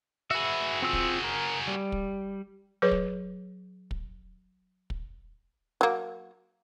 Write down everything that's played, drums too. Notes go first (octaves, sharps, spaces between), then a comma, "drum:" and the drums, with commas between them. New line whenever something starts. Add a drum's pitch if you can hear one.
F#4 G#4 B4 E5
C4 F4 E6
drum: kick
A#4
G3
drum: kick
F#3 G#4 B4 C#5
drum: kick
drum: kick
drum: kick
F#3 A#3